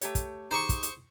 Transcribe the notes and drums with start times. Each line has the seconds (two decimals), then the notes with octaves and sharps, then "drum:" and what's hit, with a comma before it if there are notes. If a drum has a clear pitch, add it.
0.01 A3 G4 C#5, drum: hi-hat
0.15 drum: kick, hi-hat
0.51 D#4 G4 G#4 C5 C#6
0.69 drum: kick, hi-hat
0.83 drum: hi-hat